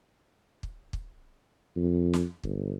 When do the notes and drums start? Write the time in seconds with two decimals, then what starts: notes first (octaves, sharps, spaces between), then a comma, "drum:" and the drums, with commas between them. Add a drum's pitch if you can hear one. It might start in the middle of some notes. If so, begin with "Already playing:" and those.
0.63 drum: kick
0.93 drum: kick
1.77 F2
2.13 drum: snare
2.43 G1, drum: kick